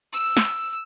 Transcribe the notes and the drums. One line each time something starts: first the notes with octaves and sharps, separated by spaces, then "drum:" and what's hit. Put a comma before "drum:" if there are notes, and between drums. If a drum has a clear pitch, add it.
E6
drum: snare